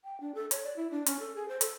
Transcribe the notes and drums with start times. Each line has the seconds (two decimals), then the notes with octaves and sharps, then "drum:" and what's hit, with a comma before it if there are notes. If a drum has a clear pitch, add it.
0.04 G5
0.20 D4
0.35 A4
0.51 C#5, drum: hi-hat
0.64 D5
0.76 E4
0.91 D4
1.06 C#4, drum: hi-hat
1.19 A4
1.35 G#4
1.48 C5
1.61 A4, drum: hi-hat